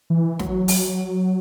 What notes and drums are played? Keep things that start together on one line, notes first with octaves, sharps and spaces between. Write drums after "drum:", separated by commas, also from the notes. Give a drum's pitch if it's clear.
E3
F#3, drum: snare
drum: open hi-hat